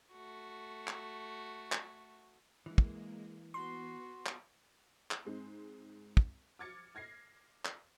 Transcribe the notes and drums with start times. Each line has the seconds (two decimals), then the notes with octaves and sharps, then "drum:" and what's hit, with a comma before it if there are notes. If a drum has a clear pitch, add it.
0.13 A3 F#4
0.87 drum: clap
1.72 drum: clap
2.66 E3 G#3 A#3
2.78 drum: kick
3.54 B3 F#4 C6
4.26 drum: clap
5.11 drum: clap
5.25 G#2 G#3 C4
6.17 drum: kick
6.59 D6 F6 G#6 A6 C#7
6.95 F6 G#6 A#6 C7
7.65 drum: clap